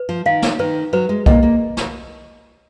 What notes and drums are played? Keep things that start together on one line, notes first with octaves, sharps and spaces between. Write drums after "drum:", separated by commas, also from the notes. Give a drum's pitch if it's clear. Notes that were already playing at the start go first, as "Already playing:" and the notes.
Already playing: B4
F3
D#3 F5
drum: snare
D#3 B4
F#3 B4
G#3
A#3 D#5, drum: kick
A#3
drum: snare